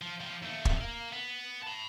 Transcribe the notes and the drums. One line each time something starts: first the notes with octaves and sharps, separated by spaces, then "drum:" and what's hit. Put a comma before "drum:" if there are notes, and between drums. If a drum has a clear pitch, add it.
F3
F3 G4
D#2 A3
drum: kick
A#4 F5
B3
A5 B5